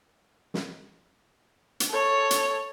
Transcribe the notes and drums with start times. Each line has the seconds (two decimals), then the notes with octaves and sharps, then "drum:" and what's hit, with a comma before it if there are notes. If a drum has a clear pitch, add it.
0.54 drum: snare
1.80 drum: hi-hat
1.90 A4 C#5
2.31 drum: hi-hat